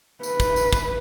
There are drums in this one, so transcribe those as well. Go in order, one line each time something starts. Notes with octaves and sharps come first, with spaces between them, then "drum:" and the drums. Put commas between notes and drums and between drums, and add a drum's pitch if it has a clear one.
B4, drum: tambourine
drum: kick, tambourine
drum: tambourine
drum: kick, tambourine